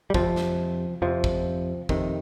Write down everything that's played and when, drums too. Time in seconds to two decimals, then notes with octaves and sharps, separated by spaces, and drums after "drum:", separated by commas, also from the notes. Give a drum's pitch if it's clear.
0.10 G3
0.14 F2 C3 F3, drum: kick
0.36 drum: snare
1.02 F2 C3 F3
1.24 drum: kick
1.89 F2 C3 D#3, drum: kick